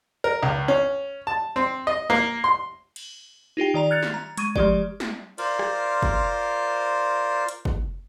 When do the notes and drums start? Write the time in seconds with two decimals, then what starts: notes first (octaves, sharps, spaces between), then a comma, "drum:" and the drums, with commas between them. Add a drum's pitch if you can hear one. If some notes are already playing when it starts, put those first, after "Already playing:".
0.24 A#4
0.43 C#2
0.68 C#4
1.27 A5
1.56 C4
1.87 D#5
2.10 A#3
2.44 C6
2.96 drum: cymbal
3.57 D#4 F4 G4 G5
3.74 D#3 D5 A#5 F7
3.91 F6 F#6 G#6 A6 C#7 F7
4.03 drum: snare
4.14 A#5
4.37 G#3 C#6 G#6 D#7, drum: hi-hat
4.56 F3 G#3 G4 D5, drum: kick
5.00 drum: snare
5.38 F4 A#4 C5 D5, drum: cymbal
5.59 drum: rim click
6.02 drum: kick
7.49 drum: hi-hat
7.65 drum: kick